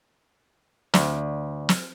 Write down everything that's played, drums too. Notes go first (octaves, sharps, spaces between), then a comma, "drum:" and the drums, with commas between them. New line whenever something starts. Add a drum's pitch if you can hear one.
D2, drum: snare
drum: snare